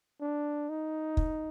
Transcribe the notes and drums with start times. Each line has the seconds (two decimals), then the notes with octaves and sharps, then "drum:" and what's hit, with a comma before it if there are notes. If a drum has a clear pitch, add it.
0.21 D4
0.70 D#4
1.17 drum: kick